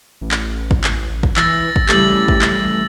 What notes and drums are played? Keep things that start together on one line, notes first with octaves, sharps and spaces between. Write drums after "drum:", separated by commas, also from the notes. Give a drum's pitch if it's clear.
A1
drum: clap
drum: kick
drum: clap
drum: kick
E3 E6 A6 A#6, drum: clap
drum: kick
C#3 E3 G3 A3 G4 A6 F#7, drum: clap
drum: kick
drum: clap